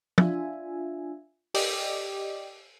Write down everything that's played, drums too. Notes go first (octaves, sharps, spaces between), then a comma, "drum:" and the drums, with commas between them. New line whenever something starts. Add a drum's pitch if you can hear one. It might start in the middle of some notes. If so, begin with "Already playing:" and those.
D4 F4 E5 G#5, drum: tom
G4 D5 D#5 G5 D6, drum: open hi-hat